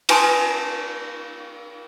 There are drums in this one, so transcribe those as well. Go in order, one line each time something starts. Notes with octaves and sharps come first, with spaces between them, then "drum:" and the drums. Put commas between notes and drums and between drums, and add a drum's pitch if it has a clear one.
F4 B4 G#5 A5 C6 D#6, drum: cymbal